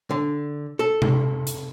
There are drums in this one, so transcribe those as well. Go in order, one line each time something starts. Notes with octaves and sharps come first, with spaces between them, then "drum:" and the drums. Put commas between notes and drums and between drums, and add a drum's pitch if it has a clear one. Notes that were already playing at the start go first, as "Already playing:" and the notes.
D3
A4
drum: tom C3
drum: hi-hat